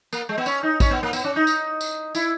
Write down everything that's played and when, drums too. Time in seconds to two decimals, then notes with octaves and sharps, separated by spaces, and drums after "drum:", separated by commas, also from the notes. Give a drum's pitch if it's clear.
0.13 A#3, drum: tambourine
0.29 G#3
0.38 B3
0.46 C#4, drum: tambourine
0.63 D#4
0.80 C#4, drum: kick A1, tambourine
0.91 B3
1.03 A#3
1.13 B3, drum: tambourine
1.24 C#4
1.36 D#4
1.47 drum: tambourine
1.81 drum: tambourine
2.15 E4, drum: tambourine